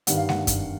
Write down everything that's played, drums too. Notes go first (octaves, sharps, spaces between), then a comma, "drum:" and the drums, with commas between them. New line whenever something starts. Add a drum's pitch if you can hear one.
G2 D#3 G3 F#5, drum: hi-hat
F5
F#5, drum: snare G#3
drum: kick F#2, hi-hat